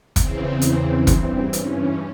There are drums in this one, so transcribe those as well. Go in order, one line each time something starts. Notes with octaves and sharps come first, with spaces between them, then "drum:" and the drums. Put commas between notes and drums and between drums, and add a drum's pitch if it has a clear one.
E2 C#3 E3 C4, drum: kick, hi-hat
drum: hi-hat
G2 E3 C4, drum: kick, hi-hat
C#4, drum: hi-hat